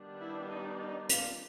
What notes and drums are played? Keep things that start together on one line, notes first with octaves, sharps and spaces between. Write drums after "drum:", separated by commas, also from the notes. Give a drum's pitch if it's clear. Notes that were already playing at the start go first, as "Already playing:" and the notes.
Already playing: D#3 G3 B3 D4
E4
D#4
D#4
F4, drum: hi-hat